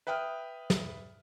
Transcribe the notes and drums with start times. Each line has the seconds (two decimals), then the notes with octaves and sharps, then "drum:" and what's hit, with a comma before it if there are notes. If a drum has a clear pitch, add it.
0.07 B4 E5 G5 D#6 F6
0.70 drum: snare